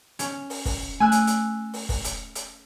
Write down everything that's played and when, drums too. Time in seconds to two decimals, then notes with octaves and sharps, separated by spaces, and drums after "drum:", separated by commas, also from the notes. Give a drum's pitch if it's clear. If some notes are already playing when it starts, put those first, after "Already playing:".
0.19 C#4, drum: hi-hat
0.50 drum: open hi-hat
0.65 drum: kick, open hi-hat
1.00 A3 G#5 E6 F#6
1.12 drum: hi-hat
1.27 drum: hi-hat
1.74 drum: open hi-hat
1.89 drum: kick, open hi-hat
2.04 drum: hi-hat
2.35 drum: hi-hat